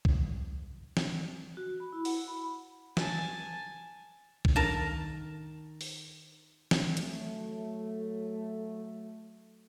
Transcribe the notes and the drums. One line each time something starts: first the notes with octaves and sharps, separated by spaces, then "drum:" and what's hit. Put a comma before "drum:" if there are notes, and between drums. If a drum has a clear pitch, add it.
drum: kick B1
drum: snare
F#4
B5
E4
F#5, drum: open hi-hat
B5
G#5 A5, drum: snare
drum: kick B1
D#3 A#4 A5
drum: open hi-hat
drum: snare
F#3 A3, drum: hi-hat